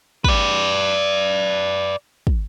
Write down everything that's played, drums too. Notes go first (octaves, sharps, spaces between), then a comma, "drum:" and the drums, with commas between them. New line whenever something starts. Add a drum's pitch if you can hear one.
B4 D5, drum: kick
drum: kick